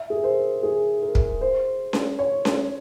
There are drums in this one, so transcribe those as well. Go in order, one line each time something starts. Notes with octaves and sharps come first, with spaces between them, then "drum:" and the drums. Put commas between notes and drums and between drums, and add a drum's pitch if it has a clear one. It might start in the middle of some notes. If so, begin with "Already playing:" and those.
Already playing: E5
G#4
A#4
C5
G#4
A#4
drum: kick
C5
drum: snare C#4
C#5
drum: snare C#4